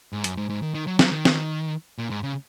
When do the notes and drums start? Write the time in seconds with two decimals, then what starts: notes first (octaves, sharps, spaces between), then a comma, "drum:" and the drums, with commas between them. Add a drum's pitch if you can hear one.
0.13 G#2
0.24 F#2, drum: hi-hat
0.37 G#2
0.50 G#2
0.63 D#3
0.74 D#3
0.87 F#3
0.99 F#3, drum: snare
1.12 D#3
1.25 drum: snare
1.98 A#2
2.10 G#2
2.23 C#3